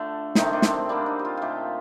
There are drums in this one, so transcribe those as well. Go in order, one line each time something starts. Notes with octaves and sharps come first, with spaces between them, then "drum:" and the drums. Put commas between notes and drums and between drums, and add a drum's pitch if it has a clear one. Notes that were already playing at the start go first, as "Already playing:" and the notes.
Already playing: D3 A3 F4
C3 D#3 A3 D#4, drum: snare
D4
C4, drum: snare
D3 G3 A#3 D4
D#4
G4
F4
A#2 A3 F4 G4